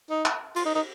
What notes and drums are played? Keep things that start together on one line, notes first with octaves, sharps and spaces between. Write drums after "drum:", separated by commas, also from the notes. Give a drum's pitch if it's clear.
D#4
drum: clap
F4, drum: cymbal
D#4
D#4